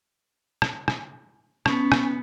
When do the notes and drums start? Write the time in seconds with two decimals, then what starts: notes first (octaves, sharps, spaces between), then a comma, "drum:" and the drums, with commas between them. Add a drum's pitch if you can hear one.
0.62 drum: rim click
0.88 drum: rim click
1.66 B3 C#4, drum: rim click
1.92 drum: rim click